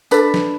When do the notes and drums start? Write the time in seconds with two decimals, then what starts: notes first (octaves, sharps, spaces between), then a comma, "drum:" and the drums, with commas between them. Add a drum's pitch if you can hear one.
0.11 D4 A4 B4, drum: tambourine
0.34 drum: snare